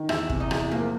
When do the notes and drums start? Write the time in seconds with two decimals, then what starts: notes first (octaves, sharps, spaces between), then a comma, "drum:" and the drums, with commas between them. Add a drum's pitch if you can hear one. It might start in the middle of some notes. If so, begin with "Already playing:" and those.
Already playing: D#3
0.09 E2 E4, drum: rim click
0.30 C3, drum: kick
0.40 D#4
0.51 E2, drum: rim click
0.71 F3 A#3